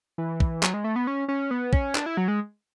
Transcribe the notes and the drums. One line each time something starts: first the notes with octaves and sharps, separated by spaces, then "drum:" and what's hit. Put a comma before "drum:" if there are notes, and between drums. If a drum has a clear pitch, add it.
E3
drum: kick
F#3, drum: clap
G#3
A3
B3
C#4
C#4
B3
C#4, drum: kick
D4, drum: clap
E4
F#3
G#3